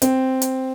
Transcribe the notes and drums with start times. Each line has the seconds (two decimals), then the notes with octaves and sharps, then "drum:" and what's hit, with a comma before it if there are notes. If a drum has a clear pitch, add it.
0.02 C4, drum: hi-hat
0.42 drum: hi-hat